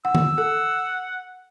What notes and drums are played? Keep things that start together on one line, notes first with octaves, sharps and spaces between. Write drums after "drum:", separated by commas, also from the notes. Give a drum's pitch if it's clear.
F#5 E6
drum: tom D3
A4 F#5